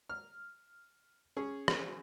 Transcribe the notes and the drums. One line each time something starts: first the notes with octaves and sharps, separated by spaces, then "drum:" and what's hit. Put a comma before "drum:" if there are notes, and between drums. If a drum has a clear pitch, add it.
F6
C#4 G#4
drum: rim click